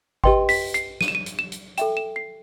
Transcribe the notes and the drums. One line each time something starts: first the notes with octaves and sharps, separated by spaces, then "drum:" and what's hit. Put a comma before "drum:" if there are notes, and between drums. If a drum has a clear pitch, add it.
G4 B4 D#5 G5 C6, drum: kick G#1
B6, drum: open hi-hat
C7, drum: hi-hat
D#7, drum: snare
E7
D#7
drum: hi-hat
E7
drum: hi-hat
A4 E5 G5 E7, drum: hi-hat
E7
C7